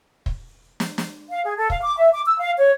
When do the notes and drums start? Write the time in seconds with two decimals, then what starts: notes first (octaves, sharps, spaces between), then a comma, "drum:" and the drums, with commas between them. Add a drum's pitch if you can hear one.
0.26 drum: kick
0.80 drum: snare
0.98 drum: snare
1.30 F5
1.44 G#4
1.56 A4
1.70 F5, drum: kick
1.82 D6
1.96 E5
2.13 D6
2.25 E6
2.38 F5
2.57 C#5